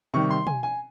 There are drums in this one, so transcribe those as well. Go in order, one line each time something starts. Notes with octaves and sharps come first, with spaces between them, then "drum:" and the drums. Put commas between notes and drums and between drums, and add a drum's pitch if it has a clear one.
C3 D#3 G3 C#6
C6
G#5, drum: tom
G#5